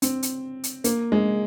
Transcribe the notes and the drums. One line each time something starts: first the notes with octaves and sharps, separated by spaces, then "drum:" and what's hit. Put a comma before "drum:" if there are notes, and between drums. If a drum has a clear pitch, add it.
C4, drum: hi-hat
drum: hi-hat
drum: hi-hat
A#3, drum: hi-hat
G#3